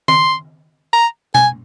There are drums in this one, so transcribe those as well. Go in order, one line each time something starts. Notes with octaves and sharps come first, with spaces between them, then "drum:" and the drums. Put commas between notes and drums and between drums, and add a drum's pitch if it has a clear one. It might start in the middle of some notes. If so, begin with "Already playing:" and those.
C6, drum: tom D#3
A#5
G#5, drum: tom B2